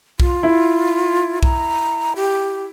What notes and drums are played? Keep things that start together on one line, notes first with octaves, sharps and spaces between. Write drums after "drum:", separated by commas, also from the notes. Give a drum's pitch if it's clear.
F4, drum: kick B1
E4
A#5, drum: kick B1
G4